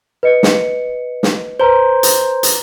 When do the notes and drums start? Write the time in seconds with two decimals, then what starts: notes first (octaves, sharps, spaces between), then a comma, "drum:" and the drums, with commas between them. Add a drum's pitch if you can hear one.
0.23 B4 D#5 C#7
0.43 drum: snare
1.23 drum: snare
1.60 B4 C5 A#5 G7
2.03 drum: hi-hat
2.43 drum: hi-hat